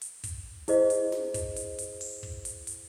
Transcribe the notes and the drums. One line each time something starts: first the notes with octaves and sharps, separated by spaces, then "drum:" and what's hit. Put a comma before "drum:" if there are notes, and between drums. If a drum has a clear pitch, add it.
drum: hi-hat
drum: kick, hi-hat
E4 G#4 C5 D#5, drum: hi-hat
drum: hi-hat
drum: snare
drum: kick, hi-hat
drum: hi-hat
drum: hi-hat
drum: open hi-hat
drum: kick
drum: hi-hat
drum: hi-hat